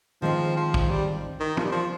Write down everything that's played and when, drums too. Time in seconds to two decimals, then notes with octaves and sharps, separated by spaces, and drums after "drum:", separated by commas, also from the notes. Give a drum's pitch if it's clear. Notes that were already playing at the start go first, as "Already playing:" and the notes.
0.22 D#3 F3 G#3 C4
0.57 F3
0.74 drum: kick
0.90 G3
1.40 D#3
1.57 F3, drum: tom
1.64 G3
1.72 F3